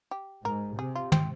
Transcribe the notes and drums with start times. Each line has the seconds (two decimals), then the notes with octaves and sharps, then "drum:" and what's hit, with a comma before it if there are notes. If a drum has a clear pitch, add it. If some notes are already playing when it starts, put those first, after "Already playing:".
0.11 G4
0.45 G#2 A#4
0.79 C3 G#4
0.95 F4
1.12 C4, drum: tom